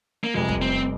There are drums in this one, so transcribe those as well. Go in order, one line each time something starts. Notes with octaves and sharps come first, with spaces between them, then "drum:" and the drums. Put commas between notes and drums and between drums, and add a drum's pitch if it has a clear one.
A#3
F1 F2 C3 G3 G#3
drum: kick
C4